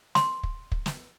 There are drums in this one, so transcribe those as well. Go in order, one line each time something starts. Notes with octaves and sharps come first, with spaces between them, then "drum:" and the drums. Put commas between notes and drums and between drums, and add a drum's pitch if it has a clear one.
C6, drum: snare
drum: kick
drum: kick
drum: snare